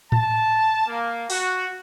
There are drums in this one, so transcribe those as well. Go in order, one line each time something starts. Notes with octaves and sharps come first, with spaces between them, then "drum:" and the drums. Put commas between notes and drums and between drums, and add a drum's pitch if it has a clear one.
A5, drum: tom A2
A#3
F#4, drum: open hi-hat